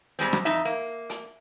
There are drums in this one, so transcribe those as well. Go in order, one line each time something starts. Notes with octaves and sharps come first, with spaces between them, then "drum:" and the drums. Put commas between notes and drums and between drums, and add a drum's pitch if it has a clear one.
A#2 G3 G#3 C4
drum: rim click
F2 D#4 E5
A#3
drum: hi-hat